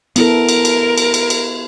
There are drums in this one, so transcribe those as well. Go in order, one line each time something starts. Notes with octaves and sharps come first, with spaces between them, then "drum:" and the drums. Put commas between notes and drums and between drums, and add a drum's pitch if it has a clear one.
B3 E4 A4 A#4, drum: cymbal
drum: cymbal
drum: cymbal
drum: cymbal
drum: cymbal
drum: cymbal